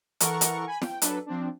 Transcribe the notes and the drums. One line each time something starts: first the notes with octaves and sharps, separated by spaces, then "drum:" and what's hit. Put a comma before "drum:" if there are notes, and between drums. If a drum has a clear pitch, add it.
E3 A4 A#4 F#5 C#6, drum: hi-hat
drum: hi-hat
G#5 B5
G5, drum: snare
F#3 D4 A4 B4, drum: hi-hat
F3 C4 D4